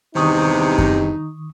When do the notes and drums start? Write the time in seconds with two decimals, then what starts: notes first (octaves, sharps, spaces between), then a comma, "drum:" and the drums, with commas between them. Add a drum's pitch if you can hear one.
0.15 E2 G2 C3 D#3 D#4 C#6 D#6
0.78 drum: kick F#2